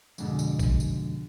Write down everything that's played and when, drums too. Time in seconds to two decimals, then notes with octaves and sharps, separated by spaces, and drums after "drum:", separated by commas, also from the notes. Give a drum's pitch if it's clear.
0.18 F2 G#2 B2 D3, drum: tambourine
0.39 drum: tambourine
0.59 drum: kick A#1, tambourine
0.80 drum: tambourine